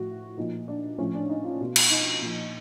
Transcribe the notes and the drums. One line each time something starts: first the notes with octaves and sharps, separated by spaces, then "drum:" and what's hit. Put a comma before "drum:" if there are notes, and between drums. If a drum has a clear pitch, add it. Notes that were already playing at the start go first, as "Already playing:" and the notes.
Already playing: A2 F3 F#4
A#2 F3 D#4
D4
A2 F3 C#4
D4
D#4
F4
B2
drum: cymbal
D#4
A#2 F3